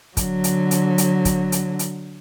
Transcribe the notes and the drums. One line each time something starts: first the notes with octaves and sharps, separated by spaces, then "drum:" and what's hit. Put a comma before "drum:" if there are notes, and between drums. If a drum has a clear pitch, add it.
D3 F#3, drum: kick, hi-hat
drum: hi-hat
drum: hi-hat
drum: hi-hat
drum: kick, hi-hat
drum: hi-hat
drum: hi-hat